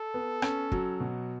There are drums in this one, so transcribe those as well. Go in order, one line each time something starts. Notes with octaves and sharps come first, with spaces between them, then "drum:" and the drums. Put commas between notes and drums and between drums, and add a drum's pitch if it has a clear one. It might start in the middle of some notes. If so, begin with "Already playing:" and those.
Already playing: A4
B3
C#4, drum: rim click
F#3, drum: kick
B2